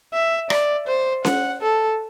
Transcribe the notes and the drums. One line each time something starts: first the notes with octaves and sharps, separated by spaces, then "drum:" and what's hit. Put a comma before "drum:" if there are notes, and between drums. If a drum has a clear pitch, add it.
E5
D5, drum: rim click
C5
F#5, drum: snare C#4
A4